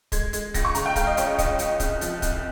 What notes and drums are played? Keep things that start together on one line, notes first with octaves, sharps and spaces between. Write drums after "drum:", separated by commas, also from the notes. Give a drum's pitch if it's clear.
G#3 G#6, drum: kick, hi-hat
G#3, drum: hi-hat
C#2 A#6, drum: kick, hi-hat
C#6
C#3 A#5, drum: hi-hat
G5
G#3 F5, drum: kick, hi-hat
D#5
C#2 C#5, drum: hi-hat
D#5
C#2 D#5, drum: kick, hi-hat
C#2, drum: hi-hat
C2, drum: kick, hi-hat
F3, drum: hi-hat
C2, drum: kick, hi-hat